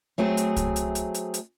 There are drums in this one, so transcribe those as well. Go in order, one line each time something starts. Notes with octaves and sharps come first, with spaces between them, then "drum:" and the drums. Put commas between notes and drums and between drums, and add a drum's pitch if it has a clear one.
F#3 A3 C4 G#4
drum: hi-hat
drum: kick C2, hi-hat
drum: hi-hat
drum: hi-hat
drum: hi-hat
drum: hi-hat